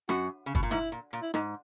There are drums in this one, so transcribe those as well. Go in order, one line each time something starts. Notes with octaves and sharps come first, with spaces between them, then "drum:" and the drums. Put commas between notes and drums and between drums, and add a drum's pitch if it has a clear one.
F#2 F#4, drum: rim click
C#3
B2, drum: kick, hi-hat
A#2
G#2 E4, drum: rim click
A#2
A#2
E4
G#2 D#4, drum: rim click